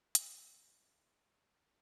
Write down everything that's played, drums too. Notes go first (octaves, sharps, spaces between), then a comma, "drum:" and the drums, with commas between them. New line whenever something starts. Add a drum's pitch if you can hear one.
G#2 F#3 A#5 F#6, drum: hi-hat